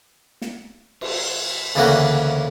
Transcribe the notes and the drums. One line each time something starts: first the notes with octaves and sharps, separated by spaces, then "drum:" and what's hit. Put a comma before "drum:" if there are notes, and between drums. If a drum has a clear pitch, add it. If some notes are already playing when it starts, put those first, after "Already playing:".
drum: snare
drum: cymbal
D2 C#3 E3 A#3 C#4 F#4